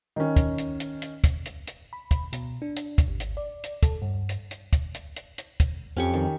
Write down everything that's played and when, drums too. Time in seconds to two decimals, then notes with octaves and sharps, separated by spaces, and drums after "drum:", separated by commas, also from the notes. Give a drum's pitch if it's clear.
0.16 D#3 C#4
0.36 drum: kick, hi-hat
0.58 drum: hi-hat
0.80 drum: hi-hat
1.02 drum: hi-hat
1.24 drum: kick, hi-hat
1.45 drum: hi-hat
1.67 drum: hi-hat
1.93 B5
2.11 drum: kick, hi-hat
2.33 B2, drum: hi-hat
2.62 D4
2.76 drum: hi-hat
2.98 drum: kick, hi-hat
3.08 G#1
3.20 drum: hi-hat
3.37 D5
3.64 drum: hi-hat
3.83 A4, drum: kick, hi-hat
4.02 G2
4.29 drum: hi-hat
4.51 drum: hi-hat
4.73 drum: kick, hi-hat
4.94 drum: hi-hat
5.16 drum: hi-hat
5.38 drum: hi-hat
5.60 drum: kick, hi-hat
5.97 F2 C#4 G4 C#6
6.14 D#3